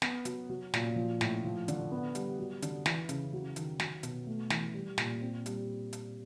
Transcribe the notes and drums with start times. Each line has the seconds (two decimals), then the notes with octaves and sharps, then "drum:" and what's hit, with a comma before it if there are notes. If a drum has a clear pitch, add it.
0.02 B3, drum: snare
0.25 F#3, drum: hi-hat
0.50 F#3
0.74 A#2, drum: snare
0.96 F3
1.21 A2, drum: snare
1.44 F3
1.68 D3, drum: hi-hat
1.92 B3
2.15 G3, drum: hi-hat
2.39 F#3
2.62 D3, drum: hi-hat
2.86 E3, drum: snare
3.09 C#3, drum: hi-hat
3.33 F#3
3.56 D#3, drum: hi-hat
3.80 F#3, drum: snare
4.03 B2, drum: hi-hat
4.27 A3
4.50 E3, drum: snare
4.74 G3
4.98 A#2, drum: snare
5.22 C4
5.46 G3, drum: hi-hat
5.93 drum: hi-hat